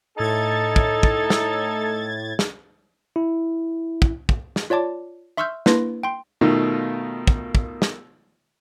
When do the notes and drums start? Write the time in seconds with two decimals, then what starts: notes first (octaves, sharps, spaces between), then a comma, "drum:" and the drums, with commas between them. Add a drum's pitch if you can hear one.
0.18 A2 D#4 A4 G#6 A6
0.76 drum: kick
1.03 drum: kick
1.30 drum: snare
2.39 drum: snare
3.16 E4
4.02 drum: kick
4.29 drum: kick
4.56 drum: snare
4.70 F4 C#5 D5 A5 D6
5.37 E5 C6 C#6 E6 F6 G6
5.66 A#3 D4 E4 B4 C6 A#6, drum: snare
6.03 G5 C6
6.41 B2 D#3 A3 D#4 F4
7.27 drum: kick
7.55 drum: kick
7.82 drum: snare